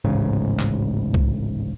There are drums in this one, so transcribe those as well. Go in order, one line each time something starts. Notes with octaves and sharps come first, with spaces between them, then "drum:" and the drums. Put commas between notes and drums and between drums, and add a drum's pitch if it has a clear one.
D1 A1 G#2 C#3
drum: clap
drum: kick C2